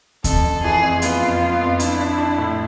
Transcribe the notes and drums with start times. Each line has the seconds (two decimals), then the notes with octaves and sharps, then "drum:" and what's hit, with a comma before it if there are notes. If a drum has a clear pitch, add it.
0.24 F2 A4, drum: kick D2, hi-hat
0.44 F2
0.63 E3 G#4
0.83 F2
1.02 B3 F4, drum: hi-hat
1.22 F2
1.41 B3
1.61 F2
1.80 D4 E4, drum: hi-hat
2.00 D4
2.18 D4
2.38 A2